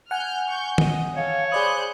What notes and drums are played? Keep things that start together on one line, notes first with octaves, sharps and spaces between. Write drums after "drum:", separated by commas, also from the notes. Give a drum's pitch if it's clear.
F#5 G#5 F6 G6
C#6 G6
D#5, drum: tom D#3
A4 C#5 F5
G#4 C5 D5 B5 D#6 F#6 G6